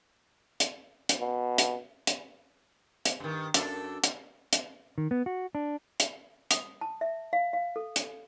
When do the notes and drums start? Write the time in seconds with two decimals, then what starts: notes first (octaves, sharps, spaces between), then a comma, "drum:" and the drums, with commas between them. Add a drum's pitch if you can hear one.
0.60 drum: hi-hat
1.09 drum: hi-hat
1.20 B2
1.58 drum: hi-hat
2.07 drum: hi-hat
3.05 drum: hi-hat
3.20 G2 D#3
3.54 F#2 D4 A4, drum: hi-hat
4.04 drum: hi-hat
4.53 drum: hi-hat
4.98 D#3
5.11 B3
5.26 F#4
5.55 D4
6.00 drum: hi-hat
6.51 D#6, drum: hi-hat
6.81 A5
7.01 E5
7.33 F5
7.53 F5
7.76 A4
7.96 drum: hi-hat